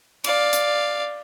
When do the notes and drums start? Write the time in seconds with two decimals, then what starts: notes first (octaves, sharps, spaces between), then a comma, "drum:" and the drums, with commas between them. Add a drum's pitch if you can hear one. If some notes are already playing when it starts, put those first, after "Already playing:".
0.24 D5 F5, drum: cymbal
0.53 drum: hi-hat